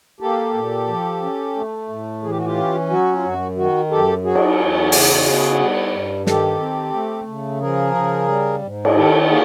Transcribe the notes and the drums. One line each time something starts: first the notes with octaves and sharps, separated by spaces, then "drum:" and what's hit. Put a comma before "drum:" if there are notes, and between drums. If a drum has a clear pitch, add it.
A#3 G4 A4
A#2
F3
C#4
A3
A2
E3 G#4
G4
F#4
F4 G4
C#4
F#3 F#4
F4
F#2 F#4
D#3 F#4
F#2 G4 A4
F#3 F#4 G#4
drum: cymbal
E2
C#3, drum: open hi-hat
B3
G3
G2
D#3 G4 A4, drum: snare
C4
A3
C#3
F3 G#4 A#4
C#3
G3
G#2
G#4, drum: cymbal
D#3 G4 A4
A#3 F#4 G#4